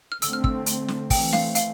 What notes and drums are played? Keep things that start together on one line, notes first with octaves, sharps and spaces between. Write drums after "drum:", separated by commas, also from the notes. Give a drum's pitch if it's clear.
F6
D3 A3 C4 E6, drum: hi-hat
F6
E6, drum: kick
drum: hi-hat
drum: snare
E3 A3 C4 G5, drum: kick, open hi-hat
F5, drum: snare
F5, drum: hi-hat